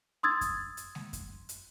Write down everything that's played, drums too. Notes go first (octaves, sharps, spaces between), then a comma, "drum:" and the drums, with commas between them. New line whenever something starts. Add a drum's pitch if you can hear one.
C6 D#6 E6 G#6 A6
drum: kick F#2, hi-hat
drum: hi-hat
drum: snare G#3
drum: kick F#2, hi-hat
drum: hi-hat